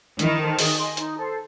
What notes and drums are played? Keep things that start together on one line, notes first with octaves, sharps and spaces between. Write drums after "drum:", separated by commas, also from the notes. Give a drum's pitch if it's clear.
D#3 E4, drum: hi-hat
A4 C5
G#4, drum: open hi-hat
D#5 G#5 C6
D#4, drum: hi-hat
A4 C5